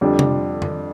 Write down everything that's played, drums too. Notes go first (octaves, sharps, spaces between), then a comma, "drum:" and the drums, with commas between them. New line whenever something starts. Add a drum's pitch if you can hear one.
F2 D3 G3 D4 G4
drum: tom C3
drum: tom F2